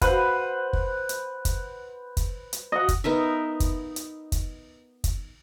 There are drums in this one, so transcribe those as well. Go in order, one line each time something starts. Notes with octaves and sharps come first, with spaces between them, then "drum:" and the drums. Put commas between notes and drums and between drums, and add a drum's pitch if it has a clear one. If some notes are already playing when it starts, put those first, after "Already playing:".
B4 C5 F#5, drum: kick, hi-hat
drum: kick
drum: hi-hat
drum: kick, hi-hat
drum: kick, hi-hat
drum: hi-hat
D#5 F#5
drum: kick, hi-hat
B3 D#4 A#4 E5
drum: kick, hi-hat
drum: hi-hat
drum: kick, hi-hat
drum: kick, hi-hat